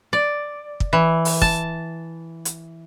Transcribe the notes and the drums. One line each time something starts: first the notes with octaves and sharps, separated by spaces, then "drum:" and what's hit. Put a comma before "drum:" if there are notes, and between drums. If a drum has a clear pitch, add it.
D5
drum: kick
E3
drum: open hi-hat
A5, drum: kick
drum: hi-hat